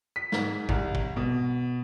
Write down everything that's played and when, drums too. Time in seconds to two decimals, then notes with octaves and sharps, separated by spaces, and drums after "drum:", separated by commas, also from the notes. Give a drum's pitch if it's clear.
0.16 B6
0.32 G#2, drum: snare
0.69 C2, drum: kick
0.95 drum: kick
1.17 B2